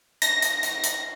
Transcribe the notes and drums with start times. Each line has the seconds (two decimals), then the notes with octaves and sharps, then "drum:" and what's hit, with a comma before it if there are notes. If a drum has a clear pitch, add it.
0.22 A#6, drum: hi-hat
0.42 drum: hi-hat
0.63 drum: hi-hat
0.84 drum: hi-hat